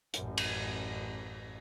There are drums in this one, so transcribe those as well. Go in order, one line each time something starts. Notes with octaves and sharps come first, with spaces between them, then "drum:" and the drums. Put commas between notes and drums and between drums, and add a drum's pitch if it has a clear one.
A1 F#2, drum: hi-hat
drum: cymbal